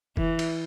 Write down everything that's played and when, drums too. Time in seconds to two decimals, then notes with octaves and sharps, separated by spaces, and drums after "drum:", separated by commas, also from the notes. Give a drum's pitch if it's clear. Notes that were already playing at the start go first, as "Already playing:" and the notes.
0.17 E3, drum: kick F1
0.39 drum: cymbal